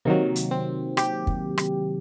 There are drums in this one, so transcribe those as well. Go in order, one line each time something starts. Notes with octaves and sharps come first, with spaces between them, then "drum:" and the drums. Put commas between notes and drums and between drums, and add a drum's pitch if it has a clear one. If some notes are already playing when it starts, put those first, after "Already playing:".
C3 D#3 F#3 A#3
drum: hi-hat
C4
G4, drum: rim click
drum: kick
drum: rim click